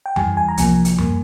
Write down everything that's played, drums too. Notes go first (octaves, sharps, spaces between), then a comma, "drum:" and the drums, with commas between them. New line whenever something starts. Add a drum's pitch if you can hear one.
G5
E2 E3 G3 G#5, drum: tom F#2
G#5
A#5
C2 C3 F3 A#3 G#5, drum: hi-hat
drum: hi-hat
A#2 G3 A#3, drum: tom F#2